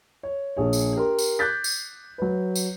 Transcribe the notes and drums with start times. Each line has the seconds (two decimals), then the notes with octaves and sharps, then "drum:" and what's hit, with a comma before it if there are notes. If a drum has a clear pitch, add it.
0.23 C#5
0.57 A#1 G#4 C#5
0.73 drum: tambourine
0.96 G4 A#4 C6
1.19 drum: tambourine
1.39 D6 F#6 G6 A6 B6
1.64 drum: tambourine
2.18 F#3 B4
2.56 drum: tambourine